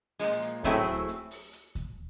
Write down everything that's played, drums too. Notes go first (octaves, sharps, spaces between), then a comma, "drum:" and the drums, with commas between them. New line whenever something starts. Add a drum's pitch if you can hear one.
A#2 F3 G#3, drum: open hi-hat
drum: hi-hat
A2 F#3 A3 C4 E4 G#4, drum: kick D2, hi-hat
drum: hi-hat
drum: open hi-hat
drum: hi-hat
drum: kick D2, hi-hat